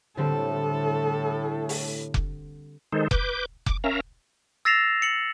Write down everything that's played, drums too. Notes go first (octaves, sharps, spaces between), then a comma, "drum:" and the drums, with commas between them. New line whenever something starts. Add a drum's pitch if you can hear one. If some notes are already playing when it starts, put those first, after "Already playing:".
A2 D3 G3 C4 A4
drum: open hi-hat
drum: kick F1
D#3 G#3 D#4 A4 C5
B4 D6 G6, drum: kick F1
D6, drum: kick F1
C#4 A#4 E5 F5 A#5
E6 A6 A#6 C7 E7 F7
C#7 F#7